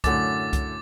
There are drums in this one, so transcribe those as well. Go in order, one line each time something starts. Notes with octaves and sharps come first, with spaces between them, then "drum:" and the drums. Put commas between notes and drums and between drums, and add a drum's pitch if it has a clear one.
F#2 A2 D3 D6 A6, drum: kick C2, hi-hat
drum: kick C2, hi-hat